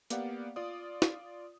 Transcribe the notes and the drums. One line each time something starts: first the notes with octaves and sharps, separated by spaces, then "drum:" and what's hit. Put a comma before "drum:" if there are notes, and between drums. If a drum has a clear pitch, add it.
A#3 B3 G4 D5 F5 F#5, drum: hi-hat
F4 D5 D#6
drum: snare